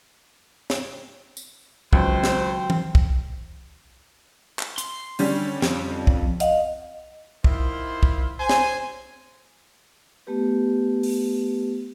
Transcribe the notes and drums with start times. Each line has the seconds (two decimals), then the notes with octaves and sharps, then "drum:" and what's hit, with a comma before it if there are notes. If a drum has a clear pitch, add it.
0.70 drum: snare
1.37 drum: tambourine
1.93 C#2 D#3 F#3 C4 C5, drum: kick
2.24 drum: snare
2.70 drum: tom E3
2.95 drum: kick
4.59 drum: clap
4.78 C6, drum: hi-hat
5.19 D3 G3 C#4, drum: open hi-hat
5.62 F2, drum: snare
6.07 drum: kick
6.40 D#5 F5 F#5, drum: hi-hat
7.44 D#3 E4 F4 C5 C6, drum: kick
8.03 drum: kick
8.39 C5 G#5
8.49 drum: snare
10.27 A3 B3 G4 B4
11.03 drum: open hi-hat